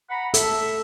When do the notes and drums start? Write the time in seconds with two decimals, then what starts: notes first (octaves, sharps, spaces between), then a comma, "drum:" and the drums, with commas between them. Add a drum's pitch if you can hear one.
0.10 F#5 A#5 B5
0.34 A4 E5, drum: hi-hat